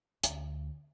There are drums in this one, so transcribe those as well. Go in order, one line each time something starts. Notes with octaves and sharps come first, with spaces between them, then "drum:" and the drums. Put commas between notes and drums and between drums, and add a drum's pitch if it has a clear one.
D2, drum: hi-hat